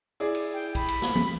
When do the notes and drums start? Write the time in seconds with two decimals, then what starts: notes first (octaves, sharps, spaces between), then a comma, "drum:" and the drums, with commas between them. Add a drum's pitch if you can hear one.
0.20 E4 G#4 D5
0.35 drum: cymbal
0.53 G5
0.75 B5, drum: kick B1, cymbal
0.88 drum: cymbal
1.02 drum: snare
1.15 drum: tom E3